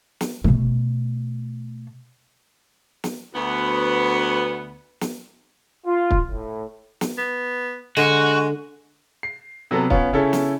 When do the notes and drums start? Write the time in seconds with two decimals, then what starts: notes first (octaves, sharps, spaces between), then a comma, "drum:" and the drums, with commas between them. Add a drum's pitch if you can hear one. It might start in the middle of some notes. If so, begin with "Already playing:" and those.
0.21 drum: snare
0.44 B2 A3, drum: kick
3.04 drum: snare
3.33 D2 B3
5.01 drum: snare
5.87 F4
6.11 drum: kick
6.30 A2
7.01 drum: snare
7.18 B3
7.97 D3 G#3 F#4
9.23 C7
9.71 C3 F#3 B3 A4
9.90 B3 C#4 F4 C#5, drum: kick
10.13 C#3 C#4 E4 A4
10.33 drum: snare